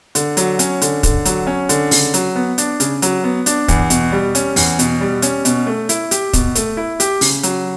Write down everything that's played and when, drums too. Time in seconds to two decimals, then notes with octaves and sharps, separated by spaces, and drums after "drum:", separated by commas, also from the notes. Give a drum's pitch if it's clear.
0.15 D3, drum: hi-hat
0.37 F#3, drum: hi-hat
0.59 C#4, drum: hi-hat
0.82 D3, drum: hi-hat
1.03 D3, drum: kick, hi-hat
1.25 F#3, drum: hi-hat
1.47 C#4
1.69 D3, drum: hi-hat
1.91 C#3, drum: open hi-hat
2.14 F#3, drum: hi-hat
2.36 B3
2.58 D4, drum: hi-hat
2.80 C#3, drum: hi-hat
3.02 F#3, drum: hi-hat
3.24 B3
3.46 D4, drum: hi-hat
3.68 E2, drum: kick, hi-hat
3.90 B2, drum: hi-hat
4.12 G3
4.35 C#4, drum: hi-hat
4.56 E2, drum: open hi-hat
4.79 B2, drum: hi-hat
5.01 G3
5.22 C#4, drum: hi-hat
5.45 B2, drum: hi-hat
5.67 A3
5.89 E4, drum: hi-hat
6.11 G4, drum: hi-hat
6.33 B2, drum: kick, hi-hat
6.55 A3, drum: hi-hat
6.77 E4
7.00 G4, drum: hi-hat
7.21 C#3, drum: open hi-hat
7.43 F#3, drum: hi-hat